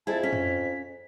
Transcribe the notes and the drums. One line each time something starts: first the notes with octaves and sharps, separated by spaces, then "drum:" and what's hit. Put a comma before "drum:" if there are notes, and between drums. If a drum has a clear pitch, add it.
F2 E4 G#4 A5
C#4 B6
drum: tom